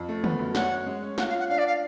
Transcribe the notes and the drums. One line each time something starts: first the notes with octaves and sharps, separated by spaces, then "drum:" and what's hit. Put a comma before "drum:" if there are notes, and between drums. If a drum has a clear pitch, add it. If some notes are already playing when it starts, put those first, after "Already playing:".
Already playing: F2
A3
B3, drum: tom
F#2
C#5 F#5, drum: snare
C#5
G#3
C#4
F4 F#5, drum: snare
F5
F4
F#5
D4 F5
D5
F5